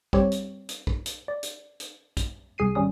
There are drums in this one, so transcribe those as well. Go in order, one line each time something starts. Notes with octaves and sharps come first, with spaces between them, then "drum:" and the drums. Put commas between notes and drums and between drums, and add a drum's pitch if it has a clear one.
G3 C4 G4 C#5, drum: kick
drum: hi-hat
drum: hi-hat
drum: kick
drum: hi-hat
D5
drum: hi-hat
drum: hi-hat
drum: kick, hi-hat
C2 G#4 C7 D#7
G#1 G3 C#4 D#6